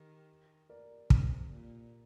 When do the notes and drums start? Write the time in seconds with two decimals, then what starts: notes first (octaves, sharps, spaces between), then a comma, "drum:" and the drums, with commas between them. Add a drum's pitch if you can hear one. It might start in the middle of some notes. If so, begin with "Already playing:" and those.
Already playing: D#3 G4
0.70 A#4 D5
1.10 C3, drum: kick
1.51 A#2